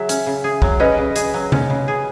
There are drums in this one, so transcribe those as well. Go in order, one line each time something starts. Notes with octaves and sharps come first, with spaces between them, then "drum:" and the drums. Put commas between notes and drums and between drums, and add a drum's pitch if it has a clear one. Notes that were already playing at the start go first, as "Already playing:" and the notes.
Already playing: C#3 F#3 G#4 E5
C#4, drum: hi-hat
C#3
G#4
F#3, drum: kick
C#4 B4 D#5
C#3
G#4, drum: hi-hat
F#3
C#4, drum: tom C3
C#3
G#4